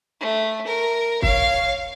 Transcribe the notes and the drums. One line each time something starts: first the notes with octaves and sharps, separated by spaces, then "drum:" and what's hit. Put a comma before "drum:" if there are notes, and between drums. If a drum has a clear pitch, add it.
A3
A#4
C#5 F5, drum: kick